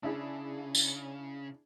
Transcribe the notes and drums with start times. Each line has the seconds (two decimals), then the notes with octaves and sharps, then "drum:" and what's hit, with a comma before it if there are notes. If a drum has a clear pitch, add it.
0.03 C#3 D4 E4 G#4
0.75 drum: tambourine